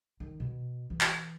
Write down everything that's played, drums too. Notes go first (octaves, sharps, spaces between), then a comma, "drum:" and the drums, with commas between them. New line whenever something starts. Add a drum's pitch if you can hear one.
D#3
B2
E3
drum: clap